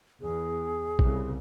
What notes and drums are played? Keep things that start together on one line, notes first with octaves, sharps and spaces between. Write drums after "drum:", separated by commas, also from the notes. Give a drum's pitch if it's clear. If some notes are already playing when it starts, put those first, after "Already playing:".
E2 G#4
C2 C#3, drum: kick